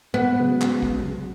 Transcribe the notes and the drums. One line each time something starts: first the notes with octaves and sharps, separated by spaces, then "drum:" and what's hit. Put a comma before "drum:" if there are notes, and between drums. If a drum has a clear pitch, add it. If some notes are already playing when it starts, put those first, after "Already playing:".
B3 F#5
C#3 F#3 G#3
drum: clap
drum: kick